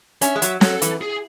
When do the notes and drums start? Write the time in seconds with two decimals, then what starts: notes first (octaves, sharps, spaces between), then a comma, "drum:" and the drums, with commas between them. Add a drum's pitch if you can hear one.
0.21 C#4 E5, drum: hi-hat
0.36 G#3
0.42 F#3, drum: hi-hat
0.61 F#3 A4, drum: snare
0.82 E3, drum: hi-hat
1.01 G#4